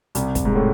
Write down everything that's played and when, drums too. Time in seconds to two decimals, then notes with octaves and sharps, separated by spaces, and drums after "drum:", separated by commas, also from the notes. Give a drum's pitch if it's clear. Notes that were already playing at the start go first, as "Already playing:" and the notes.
0.15 C2 C3, drum: hi-hat
0.35 drum: kick, hi-hat
0.45 G#2
0.56 A2